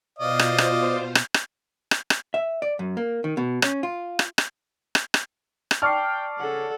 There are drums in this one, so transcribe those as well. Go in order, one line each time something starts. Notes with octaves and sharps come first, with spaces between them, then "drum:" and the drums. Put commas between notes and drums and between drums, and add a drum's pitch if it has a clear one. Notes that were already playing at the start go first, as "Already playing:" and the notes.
B2 F4 C5 D5 D#5 F5
drum: rim click
drum: rim click
drum: rim click
drum: rim click
drum: rim click
drum: rim click
E5
D5
F#2
A#3
D#3
B2
C#4, drum: rim click
F4
drum: rim click
drum: rim click
drum: rim click
drum: rim click
drum: rim click
D5 G5 A5 C#6 D6 F6 C7
C#3 C#4 A4 F#5